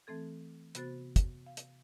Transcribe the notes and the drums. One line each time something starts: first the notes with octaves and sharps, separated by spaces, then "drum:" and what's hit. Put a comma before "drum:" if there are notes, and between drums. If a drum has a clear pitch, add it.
E3 A3 C4 A4 G#6
C3 B3 F#4 C5 A6, drum: hi-hat
drum: kick, hi-hat
F5
drum: hi-hat